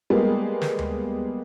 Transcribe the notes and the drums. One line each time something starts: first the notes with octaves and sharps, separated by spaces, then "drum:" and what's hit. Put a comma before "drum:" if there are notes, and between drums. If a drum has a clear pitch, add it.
G3 G#3 A#3 B3 G#4
drum: snare
drum: tom D2